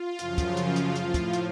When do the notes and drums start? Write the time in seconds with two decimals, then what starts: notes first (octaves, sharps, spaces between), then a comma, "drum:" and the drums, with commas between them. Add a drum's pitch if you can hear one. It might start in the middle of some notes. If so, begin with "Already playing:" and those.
Already playing: F4
0.19 F#2 C#3 F3, drum: hi-hat
0.38 drum: kick, hi-hat
0.57 drum: hi-hat
0.76 drum: hi-hat
0.96 A2 F3, drum: hi-hat
1.14 drum: kick, hi-hat
1.33 drum: hi-hat